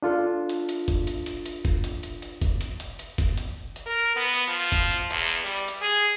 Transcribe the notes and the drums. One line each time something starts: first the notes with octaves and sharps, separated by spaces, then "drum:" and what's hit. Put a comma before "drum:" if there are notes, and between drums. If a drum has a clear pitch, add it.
D4 F4 A4
drum: hi-hat
drum: hi-hat
drum: kick, hi-hat
drum: hi-hat
drum: hi-hat
drum: hi-hat
drum: kick, hi-hat
drum: hi-hat
drum: hi-hat
drum: hi-hat
drum: kick, hi-hat
drum: hi-hat
drum: hi-hat
drum: hi-hat
drum: kick, hi-hat
drum: hi-hat
drum: hi-hat
A#4
B3
drum: hi-hat
F3
drum: kick, hi-hat
drum: hi-hat
E2, drum: hi-hat
drum: hi-hat
G3
drum: hi-hat
G#4